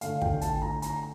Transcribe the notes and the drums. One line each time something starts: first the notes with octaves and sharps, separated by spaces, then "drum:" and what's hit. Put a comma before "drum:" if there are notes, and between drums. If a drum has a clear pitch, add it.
D3 A3 F5, drum: hi-hat
G5, drum: kick
A5, drum: hi-hat
A#5
A#5, drum: hi-hat